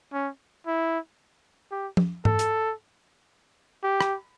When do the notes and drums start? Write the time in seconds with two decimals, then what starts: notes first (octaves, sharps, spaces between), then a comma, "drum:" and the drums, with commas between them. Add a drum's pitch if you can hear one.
0.13 C#4
0.67 E4
1.71 G4
1.97 drum: tom F3
2.25 A4, drum: tom G#2
2.39 drum: hi-hat
3.83 G4
4.01 drum: rim click